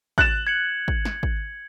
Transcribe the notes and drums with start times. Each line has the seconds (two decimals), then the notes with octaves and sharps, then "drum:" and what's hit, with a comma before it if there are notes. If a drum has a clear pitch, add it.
0.18 F#6 A6 E7, drum: kick
0.47 G#6 C#7 F#7
0.88 drum: kick
1.05 drum: snare
1.23 drum: kick